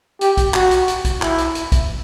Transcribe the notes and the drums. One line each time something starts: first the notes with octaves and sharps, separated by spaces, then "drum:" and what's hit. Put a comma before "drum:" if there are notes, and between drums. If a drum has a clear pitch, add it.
G4, drum: hi-hat
drum: kick, hi-hat
F#4, drum: clap
drum: hi-hat
drum: hi-hat
drum: kick, hi-hat
E4, drum: clap
drum: hi-hat
drum: hi-hat
drum: kick, hi-hat